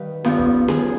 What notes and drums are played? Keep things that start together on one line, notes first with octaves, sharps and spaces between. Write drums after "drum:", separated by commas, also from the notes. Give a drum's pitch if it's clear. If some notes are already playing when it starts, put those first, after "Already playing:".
Already playing: D#3 G3 B4 F5
G2 F3 B3, drum: snare C#4
drum: kick
G#4, drum: snare C#4